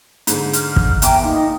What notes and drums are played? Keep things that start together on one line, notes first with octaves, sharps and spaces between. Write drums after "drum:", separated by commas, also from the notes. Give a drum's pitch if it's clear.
G#2 D3, drum: hi-hat
F6, drum: hi-hat
drum: kick
E2 E5 G5 A#5 D6, drum: hi-hat
A#2 D#4